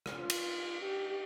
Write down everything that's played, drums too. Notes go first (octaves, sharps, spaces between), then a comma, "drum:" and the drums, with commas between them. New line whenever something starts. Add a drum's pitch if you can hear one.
drum: rim click
F4
drum: cymbal
G4